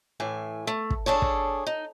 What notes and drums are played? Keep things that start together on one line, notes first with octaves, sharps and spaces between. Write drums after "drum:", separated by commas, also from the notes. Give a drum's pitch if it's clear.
A2 E3 G#5
A3
drum: kick
D4 G#4 A4 C#5
drum: kick
D#4